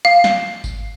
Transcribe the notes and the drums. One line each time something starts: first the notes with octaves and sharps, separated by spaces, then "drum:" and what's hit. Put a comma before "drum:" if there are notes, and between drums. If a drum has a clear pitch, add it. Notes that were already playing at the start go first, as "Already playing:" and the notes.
F5
drum: snare
drum: kick G#1, tambourine